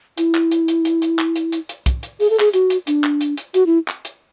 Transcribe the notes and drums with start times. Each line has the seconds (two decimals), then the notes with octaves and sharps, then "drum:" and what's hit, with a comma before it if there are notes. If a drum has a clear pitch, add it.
0.18 E4, drum: hi-hat
0.35 drum: clap
0.52 drum: hi-hat
0.68 drum: hi-hat
0.85 drum: hi-hat
1.02 drum: hi-hat
1.19 drum: clap
1.36 drum: hi-hat
1.52 drum: hi-hat
1.69 drum: hi-hat
1.86 drum: kick, hi-hat
2.03 drum: hi-hat
2.20 G#4, drum: open hi-hat
2.30 A4
2.39 G#4, drum: clap
2.54 F#4, drum: hi-hat
2.70 drum: hi-hat
2.87 D4, drum: hi-hat
3.04 drum: clap
3.21 drum: hi-hat
3.38 drum: hi-hat
3.54 F#4, drum: hi-hat
3.66 E4
3.88 drum: clap
4.05 drum: hi-hat